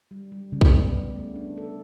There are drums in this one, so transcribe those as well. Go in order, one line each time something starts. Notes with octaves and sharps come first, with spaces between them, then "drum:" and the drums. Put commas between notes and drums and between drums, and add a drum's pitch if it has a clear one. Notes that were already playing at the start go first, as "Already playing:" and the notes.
G3
G3
C#3 G3
drum: kick B1
B3
C#3
A3
D4
A4